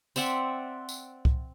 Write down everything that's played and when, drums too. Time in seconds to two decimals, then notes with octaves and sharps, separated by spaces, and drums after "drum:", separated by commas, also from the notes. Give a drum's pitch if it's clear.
0.16 C4 D5 E5 F#5, drum: tambourine
0.89 drum: tambourine
1.25 drum: kick C2